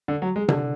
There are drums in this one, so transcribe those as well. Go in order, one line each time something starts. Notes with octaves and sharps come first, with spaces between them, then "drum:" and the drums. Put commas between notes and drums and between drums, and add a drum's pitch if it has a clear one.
D3
F#3
G#3
D3, drum: tom C3